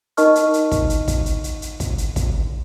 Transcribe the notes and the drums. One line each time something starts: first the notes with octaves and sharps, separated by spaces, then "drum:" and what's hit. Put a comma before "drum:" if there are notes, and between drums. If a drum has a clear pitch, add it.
D#4 A#4 D#5 A5 C#6 F6, drum: hi-hat
drum: hi-hat
drum: hi-hat
drum: kick, hi-hat
drum: hi-hat
drum: kick, hi-hat
drum: hi-hat
drum: hi-hat
drum: hi-hat
drum: kick, hi-hat
drum: hi-hat
drum: kick, hi-hat